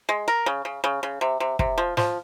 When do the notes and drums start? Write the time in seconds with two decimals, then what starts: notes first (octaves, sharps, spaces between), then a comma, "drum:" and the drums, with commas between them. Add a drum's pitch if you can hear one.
0.09 G#3
0.28 A#4
0.46 C#3
0.65 C#3
0.84 C#3
1.03 C#3
1.21 C3
1.40 C3
1.59 C3, drum: kick
1.78 F3
1.97 F3, drum: snare